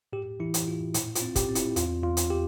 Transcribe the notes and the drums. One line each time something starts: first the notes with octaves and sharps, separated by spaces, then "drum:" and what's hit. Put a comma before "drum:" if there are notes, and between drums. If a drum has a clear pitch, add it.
A2 G4
E3 E4
drum: hi-hat
A2 F4
A#2 E4, drum: hi-hat
F4, drum: hi-hat
C4
G4, drum: kick, hi-hat
C4
E4, drum: hi-hat
E2 F4, drum: hi-hat
E2 F4
drum: hi-hat
G4